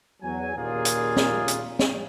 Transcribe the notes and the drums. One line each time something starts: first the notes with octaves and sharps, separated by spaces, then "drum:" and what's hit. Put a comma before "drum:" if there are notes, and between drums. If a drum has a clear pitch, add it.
E2 F#3 G#5
D#2 A#2 C#3 A#3 F4 G#4
drum: hi-hat
drum: snare
drum: hi-hat
drum: snare